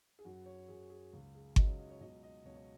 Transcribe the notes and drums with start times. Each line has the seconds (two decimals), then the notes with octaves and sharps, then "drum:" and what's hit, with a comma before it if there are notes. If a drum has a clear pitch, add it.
0.19 G#4
0.24 F#2 F#3 F#4
0.46 C#5
0.68 F#2 F#3 G#4
0.90 G#4
1.13 C#2 C#3 F#3
1.35 G#4
1.56 C#2 C#3 F#3 D#5, drum: kick G1
1.67 C#5
1.79 D#5
1.90 C#5
2.01 C#2 B2 F#3 D#5
2.23 D#5
2.45 C#2 B2 F#3 C#5
2.56 C#5